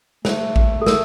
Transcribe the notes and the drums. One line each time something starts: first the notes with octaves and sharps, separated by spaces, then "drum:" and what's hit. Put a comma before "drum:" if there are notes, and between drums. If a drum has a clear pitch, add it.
A3 C5, drum: snare
drum: kick A1
A4
A3 A#4, drum: snare